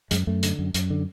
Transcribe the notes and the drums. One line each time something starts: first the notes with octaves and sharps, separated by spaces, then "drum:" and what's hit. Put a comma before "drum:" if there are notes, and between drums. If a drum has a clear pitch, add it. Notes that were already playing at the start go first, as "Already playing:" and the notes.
F#2 G#3, drum: hi-hat
F#2 A3
D3, drum: hi-hat
F#2
F#2, drum: hi-hat
D3